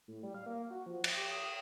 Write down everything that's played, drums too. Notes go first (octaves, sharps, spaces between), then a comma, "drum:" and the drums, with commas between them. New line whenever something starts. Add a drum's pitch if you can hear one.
A2
G3
F5
A#3
F#4
F3
D#6, drum: cymbal
G4
D#6